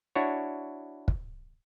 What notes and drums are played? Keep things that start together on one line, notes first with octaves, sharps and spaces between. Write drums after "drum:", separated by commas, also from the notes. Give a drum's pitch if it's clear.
D4 E4 F#4 C#5
drum: kick